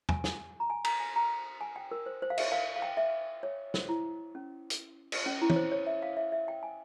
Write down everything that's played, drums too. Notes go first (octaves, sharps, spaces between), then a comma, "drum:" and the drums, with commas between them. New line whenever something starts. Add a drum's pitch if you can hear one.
G#5, drum: tom E2
G#5, drum: snare
A#5
G#5
A#5, drum: cymbal
G#5
A#5
G#5
G5
A#4
C5
C5
F5
E5, drum: cymbal
F5
F5
G5
E5
C#5
C5, drum: snare
E4
C#4
drum: hi-hat
drum: cymbal
C#4
E4
C#5, drum: tom
C5
C#5
E5
F5
E5
E5
G5
G#5